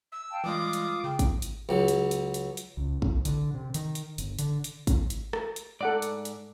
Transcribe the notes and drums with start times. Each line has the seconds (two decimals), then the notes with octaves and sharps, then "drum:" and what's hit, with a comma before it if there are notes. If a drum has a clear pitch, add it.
0.12 E6
0.31 F5 G5 A5
0.44 E3 G3 G#3 F4 D6 D#6
0.73 drum: hi-hat
1.04 C#3 G5
1.19 drum: kick G1, hi-hat
1.42 drum: hi-hat
1.69 C#2 F#3
1.88 drum: hi-hat
2.11 drum: hi-hat
2.34 drum: hi-hat
2.57 drum: hi-hat
2.77 C#2
3.02 C2, drum: kick G1
3.25 D3, drum: hi-hat
3.54 C3
3.74 D#3, drum: hi-hat
3.95 drum: hi-hat
4.18 G1, drum: hi-hat
4.39 D3, drum: hi-hat
4.64 drum: hi-hat
4.87 drum: kick G1, hi-hat
5.10 drum: hi-hat
5.33 drum: rim click
5.56 drum: hi-hat
5.81 G#2 A4 D5 F#5 D6
6.02 drum: hi-hat
6.25 drum: hi-hat